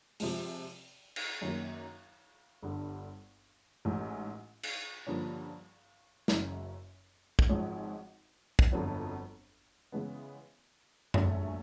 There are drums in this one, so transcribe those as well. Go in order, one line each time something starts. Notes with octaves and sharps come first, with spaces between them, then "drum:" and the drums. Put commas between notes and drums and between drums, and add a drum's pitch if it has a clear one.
C3 F3 G#3, drum: open hi-hat
drum: cymbal
F#2 D#3 F#3 A#3
G1 G2 D3
A1 G#2 E3
drum: cymbal
G2 D3 F3 A#3 C#4
F#1 F#2 C#3 F#3, drum: snare
drum: kick
G#1 G#2 F3 G#3 C#4
drum: kick
G1 F2 D3 F#3 B3
C#3 E3 G#3 B3
A#1 A2 F#3 A3 C#4, drum: tom F#2